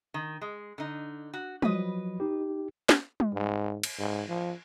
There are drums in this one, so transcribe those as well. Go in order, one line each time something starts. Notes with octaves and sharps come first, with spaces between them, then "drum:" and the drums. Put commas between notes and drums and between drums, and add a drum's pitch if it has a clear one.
D#3
G#3
D3 D#4
F#4
F3 F#3 B4 D#5, drum: tom G3
D#4 G4
drum: snare
drum: tom G3
G#2
drum: cymbal
G#2
F3